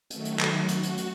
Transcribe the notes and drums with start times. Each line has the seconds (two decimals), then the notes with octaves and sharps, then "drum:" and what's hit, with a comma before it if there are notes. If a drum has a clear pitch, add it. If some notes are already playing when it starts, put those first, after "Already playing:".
0.10 D#3 F#3 A3, drum: hi-hat
0.25 drum: hi-hat
0.39 drum: clap
0.58 F#4
0.68 drum: hi-hat
0.83 drum: hi-hat
0.97 drum: hi-hat